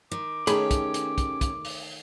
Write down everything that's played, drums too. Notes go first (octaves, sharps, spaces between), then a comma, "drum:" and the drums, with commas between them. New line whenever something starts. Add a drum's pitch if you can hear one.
D#3 D6
D#3 A3 C#4 G4 G#4 B5, drum: hi-hat
drum: kick, hi-hat
drum: hi-hat
drum: kick, hi-hat
drum: kick, hi-hat
drum: open hi-hat